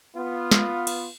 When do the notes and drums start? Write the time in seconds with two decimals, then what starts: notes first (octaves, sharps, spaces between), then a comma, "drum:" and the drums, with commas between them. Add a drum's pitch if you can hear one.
0.16 B3 F4
0.52 drum: snare
0.87 drum: cymbal